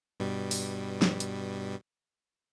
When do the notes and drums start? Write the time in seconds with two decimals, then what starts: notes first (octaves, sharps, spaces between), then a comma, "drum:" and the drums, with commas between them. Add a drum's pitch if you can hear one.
0.20 G2 B2 G3
0.51 drum: open hi-hat
1.02 drum: snare
1.20 drum: hi-hat